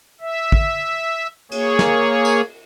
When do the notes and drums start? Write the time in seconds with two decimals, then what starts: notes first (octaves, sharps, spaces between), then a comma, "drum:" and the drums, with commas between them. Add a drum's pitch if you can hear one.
0.21 E5
0.52 drum: kick
1.51 A#3 G#4 C#5, drum: cymbal
1.79 drum: snare
2.25 drum: tambourine